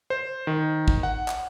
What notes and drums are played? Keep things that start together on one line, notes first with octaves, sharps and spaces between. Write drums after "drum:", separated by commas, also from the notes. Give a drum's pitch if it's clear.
C5
D#3
drum: kick
F#5
drum: clap